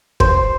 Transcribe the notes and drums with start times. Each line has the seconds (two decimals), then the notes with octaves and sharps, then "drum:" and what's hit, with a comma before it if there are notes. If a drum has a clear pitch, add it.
0.20 C5, drum: kick